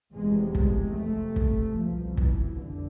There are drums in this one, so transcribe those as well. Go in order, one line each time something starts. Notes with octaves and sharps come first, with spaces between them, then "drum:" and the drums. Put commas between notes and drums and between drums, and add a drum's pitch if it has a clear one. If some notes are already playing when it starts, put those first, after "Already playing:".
F1 E2 C3 G#3
G#3, drum: kick
F1 F2 C3 A3
drum: kick
C2 B2 F3
E3, drum: kick
F1 D3